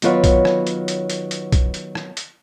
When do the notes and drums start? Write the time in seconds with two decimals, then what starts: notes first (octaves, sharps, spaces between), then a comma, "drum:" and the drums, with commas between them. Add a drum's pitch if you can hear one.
0.02 D#3 F#3 B3 F4 B4 C#5, drum: hi-hat
0.24 drum: kick B1, hi-hat
0.45 drum: rim click
0.67 drum: hi-hat
0.88 drum: hi-hat
1.10 drum: hi-hat
1.31 drum: hi-hat
1.52 drum: kick B1, hi-hat
1.74 drum: hi-hat
1.95 drum: rim click
2.17 drum: hi-hat